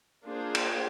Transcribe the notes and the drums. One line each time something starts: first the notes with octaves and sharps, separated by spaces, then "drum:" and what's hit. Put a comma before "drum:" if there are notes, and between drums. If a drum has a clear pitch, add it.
A#3 D4 F4 G#4 C5
drum: cymbal